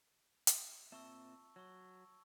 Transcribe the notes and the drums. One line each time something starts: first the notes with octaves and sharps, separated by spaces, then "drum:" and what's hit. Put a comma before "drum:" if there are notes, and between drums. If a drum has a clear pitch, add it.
drum: hi-hat
A#2 C4 E5 A5 C#6 E6
F#3 C#6 E6